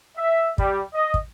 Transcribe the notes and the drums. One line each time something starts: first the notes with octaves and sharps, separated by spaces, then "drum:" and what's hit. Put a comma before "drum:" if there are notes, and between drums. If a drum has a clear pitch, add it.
E5
G3, drum: kick
D#5
drum: kick